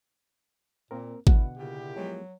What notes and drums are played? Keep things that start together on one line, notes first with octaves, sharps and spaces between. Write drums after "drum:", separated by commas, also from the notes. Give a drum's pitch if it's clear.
A#2 A#3 C4 A#4
B2 D3 E4 F#5, drum: kick G#1
A#2 C#3 E4 G4
F3 F#3 G#3 B3